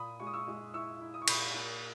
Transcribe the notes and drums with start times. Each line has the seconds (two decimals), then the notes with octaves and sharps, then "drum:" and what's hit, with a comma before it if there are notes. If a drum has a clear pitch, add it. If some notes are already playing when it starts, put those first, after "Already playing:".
Already playing: A#2 B5 D#6
0.20 G#3 C#6
0.27 D#6
0.33 C#6 E6
0.47 G#3
0.74 E4 C#6 E6
1.01 E4
1.14 D#6
1.22 C#6
1.28 A#2 B5 D#6, drum: cymbal
1.55 A#3